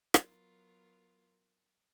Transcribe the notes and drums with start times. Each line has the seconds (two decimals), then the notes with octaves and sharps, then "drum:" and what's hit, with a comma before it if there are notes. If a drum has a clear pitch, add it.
0.14 F#3 B3 F4 A#4, drum: rim click